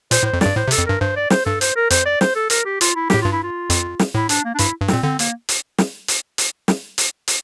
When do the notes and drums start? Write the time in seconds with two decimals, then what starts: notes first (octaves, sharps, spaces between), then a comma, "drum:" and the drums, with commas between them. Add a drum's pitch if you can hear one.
0.11 A#2 C5, drum: hi-hat
0.23 A2
0.26 C5
0.33 F2
0.41 G2 D5, drum: snare
0.56 A2 C5
0.68 C3
0.71 A4, drum: hi-hat
0.78 F2
0.86 G2 A#4
1.01 G2 C5
1.16 D5
1.30 C5, drum: snare
1.45 G2 A4
1.61 C5, drum: hi-hat
1.76 A#4
1.90 F2 C5, drum: hi-hat
2.06 D5
2.21 C5, drum: snare
2.35 A4
2.50 A#4, drum: hi-hat
2.65 G4
2.81 F4, drum: hi-hat
2.95 E4
3.10 A2 G4, drum: snare
3.22 G2 F4
3.32 E4
3.43 F4
3.70 F2, drum: hi-hat
3.99 drum: snare
4.15 A2 E4
4.29 D4, drum: hi-hat
4.45 A#3
4.55 D4
4.58 G2 E4, drum: hi-hat
4.82 G2
4.88 A#2 C4, drum: snare
5.03 D3 C4
5.19 A#3, drum: hi-hat
5.49 drum: hi-hat
5.78 drum: snare
6.08 drum: hi-hat
6.38 drum: hi-hat
6.68 drum: snare
6.98 drum: hi-hat
7.28 drum: hi-hat